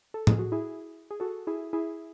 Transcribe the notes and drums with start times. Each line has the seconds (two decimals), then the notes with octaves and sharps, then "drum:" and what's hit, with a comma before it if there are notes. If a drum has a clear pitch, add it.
0.14 A4
0.27 G#4, drum: tom A2
0.39 F#4
0.52 E4 G#4
1.11 G#4
1.20 F#4 A4
1.47 E4 G#4
1.73 E4 G#4